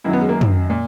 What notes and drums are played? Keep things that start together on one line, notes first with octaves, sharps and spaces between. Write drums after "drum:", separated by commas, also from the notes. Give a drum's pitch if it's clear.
F#2 D#3 F#3 E4
B3
G#3
A#3
drum: tom
A#2